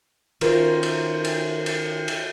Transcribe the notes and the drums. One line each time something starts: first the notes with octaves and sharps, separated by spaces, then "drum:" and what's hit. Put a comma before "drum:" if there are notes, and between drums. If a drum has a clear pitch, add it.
D#3 C#4 F4 A#4 C5, drum: cymbal
drum: cymbal
drum: cymbal
drum: cymbal
drum: cymbal